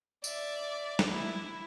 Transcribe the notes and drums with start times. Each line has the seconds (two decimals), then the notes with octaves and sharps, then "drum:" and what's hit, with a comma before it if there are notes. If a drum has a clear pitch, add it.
0.24 D5 E5, drum: tambourine
0.99 drum: snare
1.10 E4